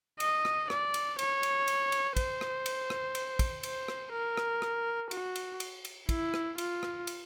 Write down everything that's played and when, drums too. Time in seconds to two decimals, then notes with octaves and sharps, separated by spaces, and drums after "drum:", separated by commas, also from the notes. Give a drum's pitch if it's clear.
0.20 D#5, drum: cymbal
0.45 drum: rim click
0.70 D5, drum: rim click
0.94 drum: cymbal
1.19 C#5, drum: cymbal
1.43 drum: cymbal
1.68 drum: cymbal
1.92 drum: cymbal
2.17 C5, drum: kick, cymbal
2.41 drum: rim click
2.66 drum: cymbal
2.90 drum: rim click
3.15 drum: cymbal
3.39 drum: kick, cymbal
3.63 C5, drum: cymbal
3.88 drum: rim click
4.12 A#4
4.37 drum: rim click
4.62 drum: rim click
5.11 F#4, drum: cymbal
5.36 drum: cymbal
5.60 drum: cymbal
5.85 drum: cymbal
6.09 E4, drum: kick, cymbal
6.34 drum: rim click
6.58 F4, drum: cymbal
6.83 drum: rim click
7.07 drum: cymbal